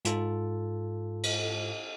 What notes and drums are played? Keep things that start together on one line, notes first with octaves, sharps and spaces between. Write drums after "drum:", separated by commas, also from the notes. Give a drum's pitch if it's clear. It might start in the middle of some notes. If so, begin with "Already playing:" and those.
G#2 F4 A4, drum: hi-hat
drum: cymbal